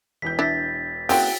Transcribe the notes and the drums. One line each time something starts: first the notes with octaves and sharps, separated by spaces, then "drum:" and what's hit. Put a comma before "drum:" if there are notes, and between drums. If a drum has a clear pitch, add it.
E1 E3 G6 B6
D4 E4 E5 A6 B6
A#3 C4 C#4 E4 F#4 G#4 G5, drum: open hi-hat